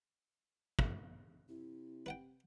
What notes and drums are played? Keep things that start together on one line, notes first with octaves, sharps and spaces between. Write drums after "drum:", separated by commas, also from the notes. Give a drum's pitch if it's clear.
drum: kick
C3 E4
B4 F#5 G5